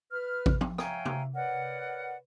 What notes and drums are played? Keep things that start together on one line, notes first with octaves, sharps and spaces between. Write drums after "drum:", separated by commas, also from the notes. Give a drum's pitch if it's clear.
B4 F6
drum: kick A1
drum: tom F3
C#5 E5 F5 G5 G#5 A#5, drum: rim click
drum: tom
A#4 B4 C#5 D5 F#5